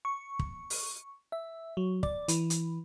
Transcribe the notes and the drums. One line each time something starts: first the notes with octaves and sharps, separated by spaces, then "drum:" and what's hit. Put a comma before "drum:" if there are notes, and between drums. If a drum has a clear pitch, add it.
C#6
drum: kick
drum: open hi-hat
E5
F#3
D5, drum: kick
E3, drum: hi-hat
drum: hi-hat